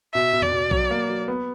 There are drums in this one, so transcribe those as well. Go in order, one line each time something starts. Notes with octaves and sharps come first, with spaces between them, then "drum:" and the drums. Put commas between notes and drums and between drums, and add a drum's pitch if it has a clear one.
B2 E5
B2
D5, drum: tom E2
B2
F#3, drum: kick B1
A#3
F#3
B3